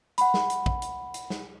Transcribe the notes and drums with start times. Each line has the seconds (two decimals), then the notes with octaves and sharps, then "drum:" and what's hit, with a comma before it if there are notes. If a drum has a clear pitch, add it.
0.18 F#5 B5, drum: hi-hat
0.34 drum: snare
0.50 drum: hi-hat
0.66 drum: kick
0.82 drum: hi-hat
1.14 drum: hi-hat
1.30 drum: snare